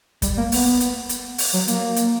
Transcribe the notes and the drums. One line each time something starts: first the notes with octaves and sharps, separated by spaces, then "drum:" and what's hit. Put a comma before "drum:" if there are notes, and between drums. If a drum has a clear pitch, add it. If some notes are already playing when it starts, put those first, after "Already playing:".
G3, drum: kick, hi-hat
A#3
B3, drum: open hi-hat
drum: hi-hat
drum: hi-hat
drum: open hi-hat
F#3
A#3, drum: hi-hat
drum: hi-hat